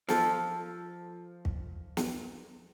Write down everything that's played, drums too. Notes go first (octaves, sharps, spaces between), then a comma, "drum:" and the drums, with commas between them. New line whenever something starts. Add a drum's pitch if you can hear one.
F3 A4, drum: snare
drum: kick
drum: snare